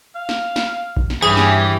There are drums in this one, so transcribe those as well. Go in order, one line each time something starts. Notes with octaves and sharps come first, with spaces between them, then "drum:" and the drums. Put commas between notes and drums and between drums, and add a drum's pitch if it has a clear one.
F5
drum: snare
drum: snare
drum: kick A#1
drum: snare
G2 E3 C#4 G4 G#4
drum: snare